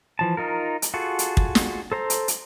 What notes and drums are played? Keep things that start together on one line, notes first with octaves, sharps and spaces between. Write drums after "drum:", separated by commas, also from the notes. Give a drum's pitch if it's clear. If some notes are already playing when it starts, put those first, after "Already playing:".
E3 F3 A5
D#4 F4 A#4
drum: hi-hat
F4 F#4 G#4 A4
drum: hi-hat
drum: kick
drum: snare
A4 C5 A#5
drum: hi-hat
drum: hi-hat